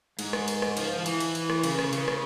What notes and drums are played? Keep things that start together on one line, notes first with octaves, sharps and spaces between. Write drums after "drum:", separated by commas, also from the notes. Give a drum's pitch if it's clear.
G#2, drum: cymbal
drum: rim click
drum: cymbal
drum: rim click
F3, drum: cymbal
F3
E3, drum: cymbal
drum: cymbal
drum: cymbal
drum: rim click
C#3, drum: cymbal
drum: rim click
C#3, drum: cymbal
drum: rim click